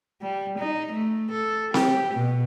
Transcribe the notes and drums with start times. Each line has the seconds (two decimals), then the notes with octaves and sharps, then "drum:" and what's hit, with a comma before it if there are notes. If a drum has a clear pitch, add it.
0.22 G3
0.59 D#4
0.93 A3
1.31 A4
1.74 G4, drum: snare C4
2.14 B2